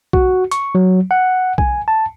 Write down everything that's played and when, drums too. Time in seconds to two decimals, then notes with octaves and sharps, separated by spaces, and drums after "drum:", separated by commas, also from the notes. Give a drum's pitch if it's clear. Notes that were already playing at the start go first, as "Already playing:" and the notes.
0.13 F#4, drum: kick B1
0.51 C#6, drum: hi-hat
0.75 F#3
1.11 F#5
1.58 G#5, drum: kick B1
1.88 A5